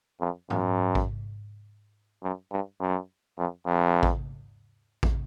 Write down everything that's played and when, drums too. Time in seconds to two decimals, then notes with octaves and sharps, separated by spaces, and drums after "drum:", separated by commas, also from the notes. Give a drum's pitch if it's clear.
0.21 F2
0.50 F#2, drum: tom G#2
0.95 drum: kick A1
2.23 F#2
2.52 G2
2.80 F#2
3.38 F2
3.66 F2
4.03 drum: kick A1
5.03 drum: kick A1